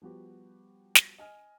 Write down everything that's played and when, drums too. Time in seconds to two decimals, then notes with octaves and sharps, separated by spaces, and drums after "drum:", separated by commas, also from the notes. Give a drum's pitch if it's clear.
0.02 F3 G3 B3 F#4 G4
0.95 drum: snare
1.18 D#5 G#5 F6